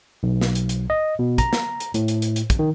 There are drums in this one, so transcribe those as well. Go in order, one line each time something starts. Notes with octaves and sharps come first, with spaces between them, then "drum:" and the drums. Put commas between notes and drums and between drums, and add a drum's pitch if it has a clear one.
B1
drum: snare
drum: hi-hat
drum: hi-hat
D#5
B2
A#5, drum: kick, hi-hat
drum: snare
drum: hi-hat
A2, drum: hi-hat
drum: hi-hat
drum: hi-hat
drum: hi-hat
drum: kick, hi-hat
D#3